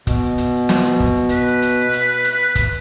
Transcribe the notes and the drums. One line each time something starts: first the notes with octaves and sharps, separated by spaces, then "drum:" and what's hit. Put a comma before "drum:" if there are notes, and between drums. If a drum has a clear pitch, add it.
B2, drum: kick, hi-hat
drum: hi-hat
drum: snare
drum: kick
B4, drum: hi-hat
drum: hi-hat
drum: hi-hat
drum: hi-hat
drum: kick, hi-hat